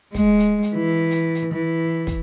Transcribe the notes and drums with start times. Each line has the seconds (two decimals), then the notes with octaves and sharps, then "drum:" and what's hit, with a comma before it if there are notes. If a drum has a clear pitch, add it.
0.14 G#3, drum: kick, hi-hat
0.39 drum: hi-hat
0.63 drum: hi-hat
0.75 E3
1.11 drum: hi-hat
1.35 drum: hi-hat
1.54 E3
2.07 drum: kick, hi-hat